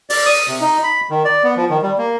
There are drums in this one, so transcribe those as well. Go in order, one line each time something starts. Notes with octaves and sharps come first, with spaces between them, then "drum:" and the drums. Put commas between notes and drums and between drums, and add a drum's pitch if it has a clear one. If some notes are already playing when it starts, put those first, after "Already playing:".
D5, drum: open hi-hat
D#6
C3
D#4
B5
D#3
D5
B3
F3
D#3
G3
A#3